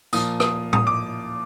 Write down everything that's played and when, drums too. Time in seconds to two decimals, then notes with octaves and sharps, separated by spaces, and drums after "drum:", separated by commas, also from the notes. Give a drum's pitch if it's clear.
0.13 A#2 F3 D#6, drum: tambourine
0.40 D#6, drum: rim click
0.73 D#6, drum: tom A2
0.87 D6